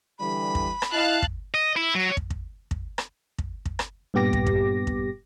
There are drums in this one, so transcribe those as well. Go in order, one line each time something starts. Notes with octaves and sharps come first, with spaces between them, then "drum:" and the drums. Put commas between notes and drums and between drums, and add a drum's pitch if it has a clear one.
D3 E3 G3 B5
drum: kick
drum: rim click
E4 D#5 F5 A5 F#6
drum: kick
D#5
E4
F#3
drum: kick
drum: kick
drum: kick
drum: rim click
drum: kick
drum: kick
drum: rim click
G2 A#2 B3 G4 D6 A#6
drum: kick
drum: kick
drum: kick